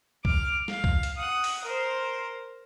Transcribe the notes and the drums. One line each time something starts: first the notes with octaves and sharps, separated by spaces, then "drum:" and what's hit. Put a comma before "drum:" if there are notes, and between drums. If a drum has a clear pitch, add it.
D6 F6, drum: kick C2
F5, drum: snare
drum: kick C2
drum: hi-hat
F#5 D#6
drum: open hi-hat
A#4 C5